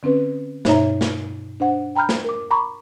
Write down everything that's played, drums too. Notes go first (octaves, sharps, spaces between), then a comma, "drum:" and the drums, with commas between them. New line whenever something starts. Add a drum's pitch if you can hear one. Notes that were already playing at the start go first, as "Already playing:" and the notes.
D3 C4 C#4 B4
G2 B2 D#4 C#5 E5 A#5, drum: snare
drum: snare
D4 C5 F#5
G5 A#5 B5 F6 G6
drum: snare
A#4 D6
A#5 B5 C#6 D6